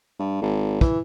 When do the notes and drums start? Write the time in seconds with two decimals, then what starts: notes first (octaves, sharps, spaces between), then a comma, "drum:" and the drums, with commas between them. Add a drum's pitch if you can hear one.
0.19 G2
0.42 G#1
0.81 E3, drum: kick